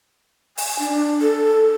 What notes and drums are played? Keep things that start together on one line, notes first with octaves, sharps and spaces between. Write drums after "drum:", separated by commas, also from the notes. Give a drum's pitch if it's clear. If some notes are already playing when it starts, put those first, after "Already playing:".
G#5, drum: open hi-hat
D4
A4